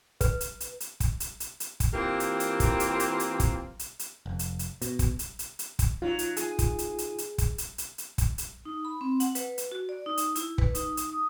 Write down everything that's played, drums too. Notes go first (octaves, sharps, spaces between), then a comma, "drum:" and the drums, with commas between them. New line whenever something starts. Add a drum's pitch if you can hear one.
B4, drum: kick, hi-hat
drum: hi-hat
drum: hi-hat
drum: hi-hat
drum: kick, hi-hat
drum: hi-hat
drum: hi-hat
drum: hi-hat
drum: kick, hi-hat
E3 A#3 C4 F4 G4 A#4
drum: hi-hat
drum: hi-hat
drum: kick, hi-hat
drum: hi-hat
drum: hi-hat
drum: hi-hat
drum: kick, hi-hat
drum: hi-hat
drum: hi-hat
F1
drum: hi-hat
drum: hi-hat
B2, drum: hi-hat
drum: kick, hi-hat
drum: hi-hat
drum: hi-hat
drum: hi-hat
drum: kick, hi-hat
F#3 D#4 F4
drum: hi-hat
G#4, drum: hi-hat
drum: kick, hi-hat
drum: hi-hat
drum: hi-hat
drum: hi-hat
drum: kick, hi-hat
drum: hi-hat
drum: hi-hat
drum: hi-hat
drum: kick, hi-hat
drum: hi-hat
D#4
B5
C4
F#5, drum: hi-hat
B4, drum: hi-hat
drum: hi-hat
F#4
D5
D#4
drum: hi-hat
E4, drum: hi-hat
B4, drum: kick
D#4, drum: hi-hat
drum: hi-hat
D#6